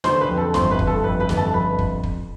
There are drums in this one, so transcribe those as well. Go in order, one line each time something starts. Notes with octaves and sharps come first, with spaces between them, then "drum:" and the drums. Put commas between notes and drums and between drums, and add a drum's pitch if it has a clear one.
D3 C5 C6, drum: snare
B4 B5
F2
A4 A5
G1 C5 C6, drum: snare
B4 B5
G1, drum: kick
A4 A5
F2 B4 B5
B4 B5
G1, drum: snare
A4 A5
F2 B4 B5
drum: kick
drum: kick